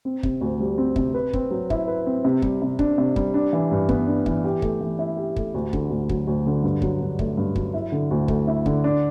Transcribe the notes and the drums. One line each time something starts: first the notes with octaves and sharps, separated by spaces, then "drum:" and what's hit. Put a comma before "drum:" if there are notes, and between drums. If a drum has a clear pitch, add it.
C4
C3, drum: kick
D2
G3
C4
C3, drum: kick
B4
C4, drum: kick
F#3
E4, drum: kick
B4
C4
C3
G3, drum: kick
C3
D4, drum: kick
C3
G3, drum: kick
D4
E3
G2
B3, drum: kick
D4
E3, drum: kick
G4
A3, drum: kick
E3
E4
G4
A3, drum: kick
D2
D3, drum: kick
D2
F#3, drum: kick
D2
D3
G2
F#3, drum: kick
G2
A3, drum: kick
G2
F#3, drum: kick
E4
D3
D2
A3, drum: kick
E4
D3, drum: kick
D4